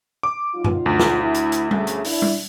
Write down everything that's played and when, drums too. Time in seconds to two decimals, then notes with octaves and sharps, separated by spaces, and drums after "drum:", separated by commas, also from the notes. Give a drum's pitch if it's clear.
0.23 D6
0.55 F#3 D#4 F4
0.64 drum: tom F#2
0.86 D2
0.99 drum: snare
1.22 E4
1.35 drum: hi-hat
1.52 drum: hi-hat
1.71 C#3 A3, drum: tom G3
1.87 drum: hi-hat
2.05 D4 E4, drum: open hi-hat
2.22 drum: tom G3